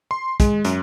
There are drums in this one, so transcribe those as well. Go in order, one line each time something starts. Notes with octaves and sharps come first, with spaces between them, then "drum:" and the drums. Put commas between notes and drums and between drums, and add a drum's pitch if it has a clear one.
C6
G#3, drum: kick, hi-hat
F#2, drum: hi-hat